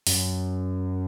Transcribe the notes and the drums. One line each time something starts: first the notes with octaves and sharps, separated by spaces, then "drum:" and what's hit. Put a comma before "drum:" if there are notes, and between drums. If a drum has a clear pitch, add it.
F#2, drum: open hi-hat